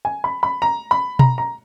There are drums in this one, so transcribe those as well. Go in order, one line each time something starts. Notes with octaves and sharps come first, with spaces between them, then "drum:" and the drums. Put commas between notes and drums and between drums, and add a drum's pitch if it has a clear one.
G#5
B5
B5
A#5
B5
A#5, drum: tom B2
A#5